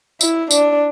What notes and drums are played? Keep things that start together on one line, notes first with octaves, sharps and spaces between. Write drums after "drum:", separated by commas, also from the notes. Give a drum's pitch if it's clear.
E4, drum: tambourine
D4, drum: tambourine